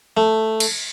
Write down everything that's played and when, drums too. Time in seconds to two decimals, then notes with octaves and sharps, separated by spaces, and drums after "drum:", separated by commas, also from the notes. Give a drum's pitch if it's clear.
0.17 A3
0.60 drum: cymbal